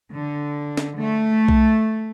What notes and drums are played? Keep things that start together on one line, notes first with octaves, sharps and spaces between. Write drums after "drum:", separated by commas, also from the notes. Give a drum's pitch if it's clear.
D3
drum: snare
A3
drum: kick B1